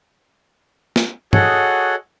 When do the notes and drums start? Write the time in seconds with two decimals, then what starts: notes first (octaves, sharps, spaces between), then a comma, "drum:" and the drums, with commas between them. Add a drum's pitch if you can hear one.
0.96 drum: snare
1.33 F#4 G#4 A4 C#5 D#5 F#5, drum: tom